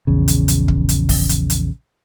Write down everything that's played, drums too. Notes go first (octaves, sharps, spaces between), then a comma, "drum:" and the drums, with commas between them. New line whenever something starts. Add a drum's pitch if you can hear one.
A#1 E2 C#3
drum: hi-hat
drum: hi-hat
drum: kick
drum: hi-hat
drum: kick, open hi-hat
drum: hi-hat
drum: hi-hat